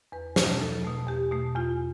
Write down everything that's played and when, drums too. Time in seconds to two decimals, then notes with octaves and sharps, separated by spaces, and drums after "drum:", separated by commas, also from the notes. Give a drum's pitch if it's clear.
0.12 E2 B4
0.36 B2 A3, drum: snare
0.60 E2 A4
0.85 B2 A3
1.07 E2 G4
1.32 B2 A3
1.56 E2 F4